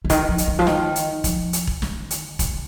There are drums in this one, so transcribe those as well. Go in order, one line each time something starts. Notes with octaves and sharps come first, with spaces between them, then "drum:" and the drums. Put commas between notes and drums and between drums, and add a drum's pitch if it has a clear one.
C#3
D#3, drum: kick E1, hi-hat
F3
drum: hi-hat
D#3
F3
D#3, drum: snare
drum: hi-hat
F3, drum: kick E1, hi-hat
drum: hi-hat
drum: kick E1
D#3, drum: snare
drum: hi-hat
C#3, drum: kick E1, hi-hat